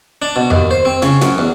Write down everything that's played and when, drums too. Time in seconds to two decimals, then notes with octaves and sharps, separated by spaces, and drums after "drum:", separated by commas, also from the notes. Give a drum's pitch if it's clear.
0.22 D4
0.36 B2
0.50 D#2, drum: tom F2
0.71 C5
0.85 C4
1.02 C#3, drum: snare
1.21 F#2, drum: snare
1.38 E2